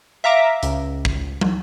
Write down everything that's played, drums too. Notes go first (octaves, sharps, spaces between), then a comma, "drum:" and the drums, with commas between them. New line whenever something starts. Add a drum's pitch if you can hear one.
E5 F5 A#5 D6
C#2, drum: hi-hat
drum: kick
drum: tom